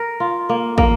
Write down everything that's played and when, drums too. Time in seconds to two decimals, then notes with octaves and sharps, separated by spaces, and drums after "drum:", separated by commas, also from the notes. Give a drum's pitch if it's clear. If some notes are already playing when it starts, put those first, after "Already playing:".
Already playing: A#4
0.20 F4
0.49 A#3
0.78 A#3, drum: kick